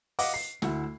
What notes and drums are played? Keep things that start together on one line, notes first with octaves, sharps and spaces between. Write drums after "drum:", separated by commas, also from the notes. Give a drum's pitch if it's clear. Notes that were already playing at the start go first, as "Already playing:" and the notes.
D#5 F5 F#5 D6, drum: open hi-hat
C7
D2 E4 F#5, drum: snare